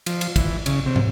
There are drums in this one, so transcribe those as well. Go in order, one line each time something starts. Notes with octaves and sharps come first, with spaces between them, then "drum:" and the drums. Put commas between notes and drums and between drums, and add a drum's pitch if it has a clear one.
F3, drum: cymbal
drum: cymbal
E3, drum: kick, cymbal
C#3, drum: cymbal
C3
drum: tom